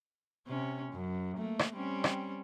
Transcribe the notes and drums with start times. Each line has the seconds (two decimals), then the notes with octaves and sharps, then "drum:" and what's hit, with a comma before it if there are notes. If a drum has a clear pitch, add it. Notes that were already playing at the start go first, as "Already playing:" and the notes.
0.47 C3 C#4
0.93 F#2
1.37 A3 A#3
1.59 drum: rim click
1.75 G3 C4 C#4
2.04 drum: rim click